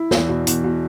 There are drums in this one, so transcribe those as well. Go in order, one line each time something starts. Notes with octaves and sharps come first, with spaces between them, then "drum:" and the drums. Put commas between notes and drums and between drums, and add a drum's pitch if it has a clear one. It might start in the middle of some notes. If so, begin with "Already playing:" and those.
Already playing: E4
E2, drum: snare
B2
E2, drum: hi-hat
B2